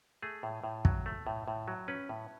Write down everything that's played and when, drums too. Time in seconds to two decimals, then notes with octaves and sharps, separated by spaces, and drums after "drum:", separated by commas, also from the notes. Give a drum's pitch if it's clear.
0.22 A3 G#4
0.43 A2
0.64 A2
0.85 F#3, drum: kick
1.06 A3
1.27 A2
1.48 A2
1.68 F#3
1.88 C#4 B4
2.09 A2